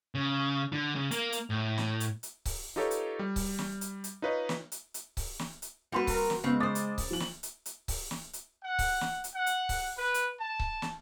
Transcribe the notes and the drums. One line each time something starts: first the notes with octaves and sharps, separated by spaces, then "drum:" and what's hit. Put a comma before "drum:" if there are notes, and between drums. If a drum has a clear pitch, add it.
C#3
D3
C#3
A#3, drum: hi-hat
drum: hi-hat
A2
drum: snare
drum: hi-hat
drum: hi-hat
drum: kick C#1, open hi-hat
D#4 F4 G4 A4 B4 C#5
drum: hi-hat
G3
drum: kick C#1, open hi-hat
drum: snare
drum: hi-hat
drum: hi-hat
D#4 F4 B4 C#5 D#5
drum: snare
drum: hi-hat
drum: hi-hat
drum: kick C#1, open hi-hat
drum: snare
drum: hi-hat
G3 A#3 C4 F#4 B4 C6
A#4, drum: kick C#1, open hi-hat
drum: snare
C#3 G#3 B3 C4
C#3 C5 D6 D#6 A6
drum: hi-hat
drum: kick C#1, open hi-hat
F3 F#7
drum: snare
drum: hi-hat
drum: hi-hat
drum: kick C#1, open hi-hat
drum: snare
drum: hi-hat
F#5
drum: kick C#1, open hi-hat
drum: snare
drum: hi-hat
F#5
drum: hi-hat
drum: kick C#1, open hi-hat
B4
drum: hi-hat
A5
drum: kick C#1
drum: snare